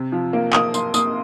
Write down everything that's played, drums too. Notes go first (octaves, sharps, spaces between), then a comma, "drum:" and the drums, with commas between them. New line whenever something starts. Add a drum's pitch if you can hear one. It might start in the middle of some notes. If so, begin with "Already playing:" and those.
Already playing: C3
F3
A#3
A#3 D#6, drum: clap
A#3 C6, drum: tambourine
A#3 D#6, drum: tambourine